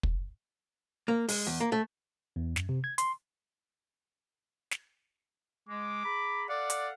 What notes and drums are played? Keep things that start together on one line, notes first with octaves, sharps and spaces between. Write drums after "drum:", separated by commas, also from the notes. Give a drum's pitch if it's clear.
drum: kick
A#3
G#3, drum: open hi-hat
E2
A#3
A3
E2
F#2, drum: snare
C3
G#6
C6, drum: hi-hat
drum: snare
G#3 D6
G#4 A#5 B5
A4 D5 F5 F#5
drum: hi-hat